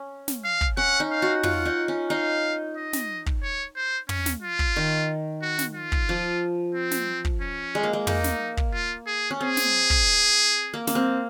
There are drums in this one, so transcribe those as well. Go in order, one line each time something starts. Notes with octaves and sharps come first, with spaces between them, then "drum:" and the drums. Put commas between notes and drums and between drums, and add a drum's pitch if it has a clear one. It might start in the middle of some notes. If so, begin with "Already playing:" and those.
Already playing: C#4
drum: snare
F5
drum: kick
C#4 F#5
D#4
F5
F#4
F4 F#5, drum: tom
D#4
C#4
D#4 F5
D#5
drum: snare
drum: kick
C#5
C5
C#4, drum: tom
drum: snare
F4
drum: kick
D#3
F#4
drum: snare
F4
drum: kick
F3
C4
drum: snare
drum: kick
C#4
G#3
A#3
G#3
A#3 D#4, drum: tom
drum: snare
drum: kick
F4
G#4
C#4
C4 G#4
drum: snare
drum: kick
A#3
A#3, drum: snare
C4